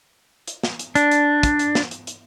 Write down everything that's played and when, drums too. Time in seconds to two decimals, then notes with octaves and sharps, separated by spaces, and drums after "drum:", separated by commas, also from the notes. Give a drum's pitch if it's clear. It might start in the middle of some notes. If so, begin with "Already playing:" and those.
0.48 drum: hi-hat
0.63 drum: snare
0.79 drum: hi-hat
0.95 D4, drum: hi-hat
1.11 drum: hi-hat
1.43 drum: kick, hi-hat
1.59 drum: hi-hat
1.75 drum: snare
1.91 drum: hi-hat
2.07 drum: hi-hat